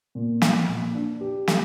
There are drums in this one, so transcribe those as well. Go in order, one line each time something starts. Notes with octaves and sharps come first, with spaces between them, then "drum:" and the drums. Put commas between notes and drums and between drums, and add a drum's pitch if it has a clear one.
A#2
F3, drum: snare
A#2
D4
G4
A3, drum: snare